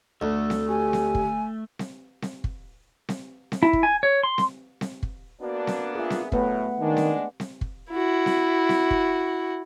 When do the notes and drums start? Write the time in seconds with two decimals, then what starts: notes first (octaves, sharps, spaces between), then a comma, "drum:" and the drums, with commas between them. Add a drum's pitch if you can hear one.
0.21 D2 A3
0.50 drum: snare C4
0.69 G4 G#5
0.93 drum: snare C4
1.15 drum: kick
1.79 drum: snare C4
2.22 drum: snare C4
2.44 drum: kick
3.09 drum: snare C4
3.52 drum: snare C4
3.63 E4
3.73 drum: kick
3.83 G#5
4.03 C#5
4.23 C6
4.38 drum: snare C4
4.81 drum: snare C4
5.03 drum: kick
5.41 A#3 B3 D4 F#4
5.67 drum: snare C4
5.95 F4 G#4 E5
6.10 drum: snare C4
6.32 A2 F#3 A3 B3 B4 F#5, drum: kick
6.80 D#3 G#3 D4
6.97 drum: snare C4
7.40 drum: snare C4
7.61 drum: kick
7.90 E4 F#4
8.26 drum: snare C4
8.69 drum: snare C4
8.91 drum: kick